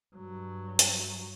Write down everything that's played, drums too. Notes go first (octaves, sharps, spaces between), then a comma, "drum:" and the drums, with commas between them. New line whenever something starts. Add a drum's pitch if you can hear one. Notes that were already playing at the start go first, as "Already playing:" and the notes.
G2 F#3
drum: hi-hat